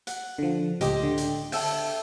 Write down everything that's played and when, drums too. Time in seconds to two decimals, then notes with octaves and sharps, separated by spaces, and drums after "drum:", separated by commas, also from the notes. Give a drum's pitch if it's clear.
0.07 F#5, drum: hi-hat
0.38 D3 F3
0.81 C#2 A2 G4 C5 D#5, drum: hi-hat
1.03 D3
1.18 drum: hi-hat
1.52 A4 E5 G5, drum: open hi-hat